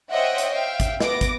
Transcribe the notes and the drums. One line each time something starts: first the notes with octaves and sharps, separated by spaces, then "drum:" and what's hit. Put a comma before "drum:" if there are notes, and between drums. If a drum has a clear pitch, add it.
C5 C#5 D#5 E5 F#5 G5
drum: hi-hat
E5 F5 G5
drum: kick, hi-hat
B3 D6 A#6, drum: snare
drum: kick, hi-hat